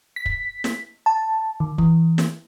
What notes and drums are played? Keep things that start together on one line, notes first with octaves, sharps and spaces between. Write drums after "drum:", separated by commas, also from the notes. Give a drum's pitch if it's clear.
B6
drum: kick
drum: snare
A5
D#3
E3, drum: kick
drum: snare